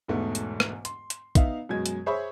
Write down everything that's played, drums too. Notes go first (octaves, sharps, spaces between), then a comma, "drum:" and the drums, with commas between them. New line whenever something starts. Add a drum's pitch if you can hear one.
E1 E2 G#2 A3 B3
drum: hi-hat
drum: rim click
C6, drum: hi-hat
drum: hi-hat
B3 D#4 E5 F5, drum: kick, hi-hat
F#2 B2 G#3 G#6
drum: hi-hat
G#4 C5 C#5 E5 B5 C#6